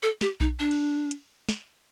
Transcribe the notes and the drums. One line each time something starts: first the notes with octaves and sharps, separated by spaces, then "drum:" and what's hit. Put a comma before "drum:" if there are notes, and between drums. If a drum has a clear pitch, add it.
A4
G4, drum: snare
D#4, drum: kick B1
D4
drum: cymbal
drum: hi-hat
drum: snare